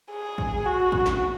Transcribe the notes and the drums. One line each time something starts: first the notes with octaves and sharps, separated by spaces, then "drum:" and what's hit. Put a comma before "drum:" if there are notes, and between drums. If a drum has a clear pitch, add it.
G#4
drum: kick
F#4
drum: kick
drum: snare